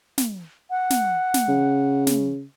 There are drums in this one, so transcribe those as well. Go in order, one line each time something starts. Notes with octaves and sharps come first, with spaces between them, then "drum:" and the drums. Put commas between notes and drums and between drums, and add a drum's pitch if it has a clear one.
drum: snare
F#5
drum: snare
drum: snare
C#3
drum: snare